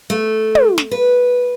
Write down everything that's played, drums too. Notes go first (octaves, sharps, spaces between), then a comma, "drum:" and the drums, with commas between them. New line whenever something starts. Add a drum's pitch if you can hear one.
A3
drum: tom
drum: snare
B4